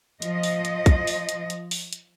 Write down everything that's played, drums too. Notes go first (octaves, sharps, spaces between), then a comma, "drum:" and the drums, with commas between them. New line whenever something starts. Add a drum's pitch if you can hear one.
F3 D#5, drum: hi-hat
drum: open hi-hat
drum: hi-hat
drum: kick, hi-hat
drum: open hi-hat
drum: hi-hat
drum: hi-hat
drum: open hi-hat
drum: hi-hat